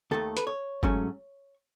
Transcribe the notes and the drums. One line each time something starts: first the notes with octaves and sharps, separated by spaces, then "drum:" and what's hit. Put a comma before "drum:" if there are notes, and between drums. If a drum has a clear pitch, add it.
D#2 D#3 A3 A4
B4, drum: hi-hat
C#5
G#2 F#3 A3 C#4, drum: kick F#1